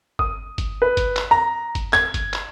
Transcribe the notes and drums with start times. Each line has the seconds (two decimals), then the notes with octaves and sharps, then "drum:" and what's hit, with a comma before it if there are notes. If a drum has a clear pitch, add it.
0.19 D#6, drum: kick G1
0.58 drum: kick G1, hi-hat
0.82 B4
0.97 drum: kick G1, hi-hat
1.17 drum: clap
1.31 A#5
1.75 drum: kick G1, hi-hat
1.93 G#6, drum: clap
2.14 drum: kick G1, hi-hat
2.34 drum: clap